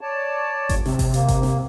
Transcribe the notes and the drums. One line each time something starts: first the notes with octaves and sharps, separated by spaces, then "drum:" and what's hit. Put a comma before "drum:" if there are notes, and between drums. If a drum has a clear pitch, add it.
C#5 D5 A5
F#1, drum: kick G#1, hi-hat
C3, drum: snare
drum: kick G#1, open hi-hat
A#3, drum: hi-hat
drum: kick G#1, hi-hat
drum: snare